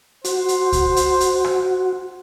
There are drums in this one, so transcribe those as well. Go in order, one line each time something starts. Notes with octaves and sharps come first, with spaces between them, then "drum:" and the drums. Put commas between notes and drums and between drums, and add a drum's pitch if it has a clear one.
F#4 C5, drum: hi-hat
drum: hi-hat
drum: kick C#2, hi-hat
drum: hi-hat
drum: hi-hat
drum: rim click